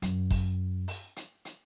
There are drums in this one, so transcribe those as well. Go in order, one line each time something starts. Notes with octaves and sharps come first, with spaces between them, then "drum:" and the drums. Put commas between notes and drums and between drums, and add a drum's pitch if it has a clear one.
F#2, drum: hi-hat
drum: kick G1, open hi-hat
drum: open hi-hat
drum: hi-hat
drum: hi-hat